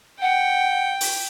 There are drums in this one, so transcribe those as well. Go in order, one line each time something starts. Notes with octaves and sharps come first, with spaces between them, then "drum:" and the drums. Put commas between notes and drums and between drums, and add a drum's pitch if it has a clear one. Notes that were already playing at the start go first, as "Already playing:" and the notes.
F#5 G5
drum: open hi-hat